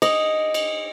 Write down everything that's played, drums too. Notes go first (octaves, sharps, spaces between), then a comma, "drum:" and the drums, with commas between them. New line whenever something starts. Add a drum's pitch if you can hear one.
D#5, drum: cymbal
drum: cymbal